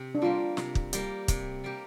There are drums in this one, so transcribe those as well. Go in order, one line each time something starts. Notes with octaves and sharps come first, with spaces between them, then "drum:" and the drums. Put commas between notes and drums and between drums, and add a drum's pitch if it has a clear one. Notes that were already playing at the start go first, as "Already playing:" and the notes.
Already playing: C3 G4
D4
G3 A#3 F4 G4
C3, drum: snare
drum: kick
G3 A#3 G4, drum: hi-hat
C3, drum: kick, hi-hat
G3 A#3 G4